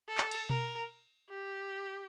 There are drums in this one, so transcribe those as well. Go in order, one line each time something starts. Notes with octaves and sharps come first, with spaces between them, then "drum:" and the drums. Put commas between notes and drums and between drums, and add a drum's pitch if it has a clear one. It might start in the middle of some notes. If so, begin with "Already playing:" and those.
A4
drum: clap
drum: cymbal
A#4, drum: tom B2
G4